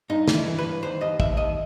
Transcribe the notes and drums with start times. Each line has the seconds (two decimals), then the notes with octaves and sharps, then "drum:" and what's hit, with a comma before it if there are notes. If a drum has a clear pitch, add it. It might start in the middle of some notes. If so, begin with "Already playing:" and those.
0.10 G2 D#4
0.28 E3, drum: snare
0.34 E4
0.46 E3
0.59 B4
0.64 G2
0.82 D#2 C5
1.01 D#2 D#5
1.20 D#2 E5, drum: kick
1.37 D#2 D#5